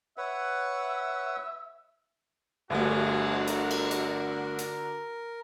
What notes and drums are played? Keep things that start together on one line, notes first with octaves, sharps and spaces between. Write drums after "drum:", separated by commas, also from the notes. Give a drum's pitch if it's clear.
B4 C#5 E5 F#5
G1 D3 A3 F#4 G#4 A4 F5, drum: cymbal
A#4, drum: hi-hat
drum: cymbal
drum: hi-hat
drum: hi-hat